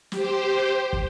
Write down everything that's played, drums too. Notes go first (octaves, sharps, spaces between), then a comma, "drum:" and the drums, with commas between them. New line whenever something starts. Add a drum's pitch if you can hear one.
G4 C5, drum: snare
drum: kick